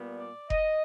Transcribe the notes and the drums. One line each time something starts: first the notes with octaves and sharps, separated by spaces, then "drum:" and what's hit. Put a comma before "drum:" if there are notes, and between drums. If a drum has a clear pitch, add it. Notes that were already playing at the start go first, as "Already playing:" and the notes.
Already playing: A#2 G3 B3
D5
D#5, drum: kick F1